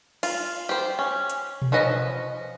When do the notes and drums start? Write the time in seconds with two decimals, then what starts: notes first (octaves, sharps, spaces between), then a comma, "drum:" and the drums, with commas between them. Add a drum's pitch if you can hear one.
0.23 F4, drum: cymbal
0.69 G4 C5
0.99 C#4
1.30 drum: hi-hat
1.62 drum: tom B2
1.72 F3 C#4 B4 D#5